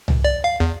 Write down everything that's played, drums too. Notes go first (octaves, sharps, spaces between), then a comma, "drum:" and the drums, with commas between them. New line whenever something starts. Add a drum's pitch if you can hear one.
drum: tom
D5
F5
E2